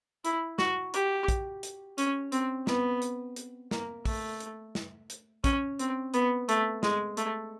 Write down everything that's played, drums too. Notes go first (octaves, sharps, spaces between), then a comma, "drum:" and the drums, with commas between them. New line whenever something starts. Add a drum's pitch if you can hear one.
E4, drum: hi-hat
F#4, drum: snare
G4, drum: hi-hat
drum: kick, hi-hat
drum: hi-hat
C#4, drum: hi-hat
C4, drum: hi-hat
B3, drum: snare
drum: hi-hat
drum: hi-hat
A#3, drum: snare
A3, drum: kick, open hi-hat
drum: hi-hat
drum: snare
drum: hi-hat
C#4, drum: kick, hi-hat
C4, drum: hi-hat
B3, drum: hi-hat
A3, drum: hi-hat
G#3, drum: snare
A3, drum: hi-hat